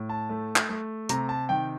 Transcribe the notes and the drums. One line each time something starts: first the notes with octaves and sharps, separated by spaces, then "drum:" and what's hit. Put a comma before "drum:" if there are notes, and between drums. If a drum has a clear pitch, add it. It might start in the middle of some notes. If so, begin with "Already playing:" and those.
Already playing: A2
A5
A3
drum: clap
A3
C3 A#5, drum: hi-hat
A5
D#3 G5